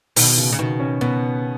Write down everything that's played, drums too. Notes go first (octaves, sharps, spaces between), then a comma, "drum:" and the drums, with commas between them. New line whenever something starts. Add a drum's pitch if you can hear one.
B2 D#3, drum: open hi-hat
C#3
C#3
B2 D#3
C#4
B2 B3